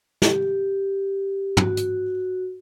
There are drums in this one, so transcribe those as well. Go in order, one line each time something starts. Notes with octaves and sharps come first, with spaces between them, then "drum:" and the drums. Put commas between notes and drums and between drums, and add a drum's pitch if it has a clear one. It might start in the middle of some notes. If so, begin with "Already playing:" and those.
G4, drum: snare
F#4, drum: tom
drum: hi-hat